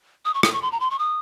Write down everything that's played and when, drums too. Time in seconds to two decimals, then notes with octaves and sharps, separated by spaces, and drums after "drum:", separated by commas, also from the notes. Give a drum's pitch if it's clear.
0.25 D#6
0.34 C#6
0.43 D#6, drum: rim click
0.53 C#6
0.62 C6
0.72 A#5
0.80 C6
0.91 C#6
0.99 D#6